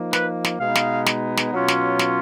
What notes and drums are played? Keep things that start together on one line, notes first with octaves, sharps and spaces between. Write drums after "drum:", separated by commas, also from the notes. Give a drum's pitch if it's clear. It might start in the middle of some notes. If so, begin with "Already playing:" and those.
Already playing: F3 A#3 D#4
B4, drum: snare
drum: snare
B2 G#3 B3 D#4 F5
drum: snare
drum: snare
drum: snare
B2 F#3 C#4 F4
drum: snare
drum: snare